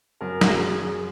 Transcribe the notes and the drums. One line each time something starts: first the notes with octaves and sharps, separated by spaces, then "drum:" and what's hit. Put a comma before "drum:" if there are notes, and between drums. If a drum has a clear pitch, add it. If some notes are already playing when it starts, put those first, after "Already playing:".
F#2 A#4
F#4, drum: snare
G#4
F#2
G#4